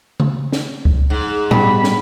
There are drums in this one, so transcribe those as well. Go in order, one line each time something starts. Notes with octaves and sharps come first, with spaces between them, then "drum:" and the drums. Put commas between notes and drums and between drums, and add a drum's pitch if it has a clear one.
drum: tom C#3
drum: snare
drum: kick C#2
G#2
G2 B2 B5, drum: tom A2
drum: snare